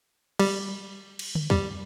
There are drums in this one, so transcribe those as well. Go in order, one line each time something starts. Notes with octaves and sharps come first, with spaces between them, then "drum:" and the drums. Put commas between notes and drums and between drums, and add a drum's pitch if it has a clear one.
G3, drum: cymbal
drum: cymbal
drum: tom
G3, drum: kick